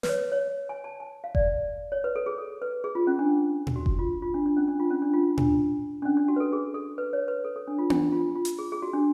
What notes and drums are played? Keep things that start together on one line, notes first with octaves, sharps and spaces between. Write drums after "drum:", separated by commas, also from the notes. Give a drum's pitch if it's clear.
B4, drum: snare
C#5
C#5
G#5
A5
G#5
F5
D5, drum: kick F#1
C#5
B4
A4
G#4
A4
B4
G#4
F4
C#4
D4
drum: tom
F#4
drum: kick F#1
F4
F4
D4
D4
C#4
D4
F4
C#4
D4
F4
D4, drum: tom
D4
C#4
D4
F#4
B4
A4
G#4
A4
B4
C#5
B4
A4
A4
D4
F4
D4, drum: tom B3
F4
F4
drum: hi-hat
G#4
G#4
F#4
D4